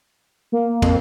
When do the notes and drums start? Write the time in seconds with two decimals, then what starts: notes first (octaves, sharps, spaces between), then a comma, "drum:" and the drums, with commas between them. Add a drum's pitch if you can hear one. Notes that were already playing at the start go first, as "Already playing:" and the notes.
0.52 A#3
0.82 F2, drum: kick, cymbal